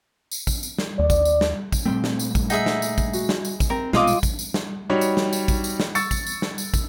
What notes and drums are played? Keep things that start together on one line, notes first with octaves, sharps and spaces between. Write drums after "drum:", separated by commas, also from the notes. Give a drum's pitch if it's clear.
drum: tambourine
drum: kick, tambourine
drum: tambourine
drum: snare
D#2 D5
drum: kick, tambourine
drum: tambourine
drum: snare
drum: kick, tambourine
A#2 G3 A3 C4
drum: snare
drum: tambourine
drum: kick, tambourine
D#4 G#4 E5 F#5, drum: tambourine
drum: snare
drum: tambourine
drum: kick, tambourine
F#4, drum: tambourine
drum: snare
drum: tambourine
drum: kick, tambourine
C4 A#4
A#1 B2 G#3 F4 D#5 D6, drum: snare
drum: tambourine
drum: kick, tambourine
drum: tambourine
drum: snare
G3 D#4 F#4 C#5
drum: tambourine
drum: snare
drum: tambourine
drum: kick, tambourine
drum: tambourine
drum: snare
C#6 E6 A6 C#7, drum: tambourine
drum: kick, tambourine
drum: tambourine
drum: snare
drum: tambourine
drum: kick, tambourine